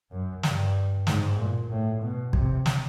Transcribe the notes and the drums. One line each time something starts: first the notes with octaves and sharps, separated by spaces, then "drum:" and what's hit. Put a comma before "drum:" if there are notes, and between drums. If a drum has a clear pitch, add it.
F#2
G2, drum: snare
G#2, drum: snare
A#2
A2
B2
C3, drum: kick
drum: snare